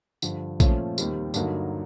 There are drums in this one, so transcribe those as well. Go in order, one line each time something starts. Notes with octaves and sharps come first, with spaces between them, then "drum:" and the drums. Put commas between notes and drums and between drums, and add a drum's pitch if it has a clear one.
G2 D3 F3, drum: tambourine
A#2 F3 A3 C#4 F4, drum: kick A#1, tambourine
D#2 D#3 G3 C4, drum: tambourine
G2 D3 F#3 A#3 D#4, drum: tambourine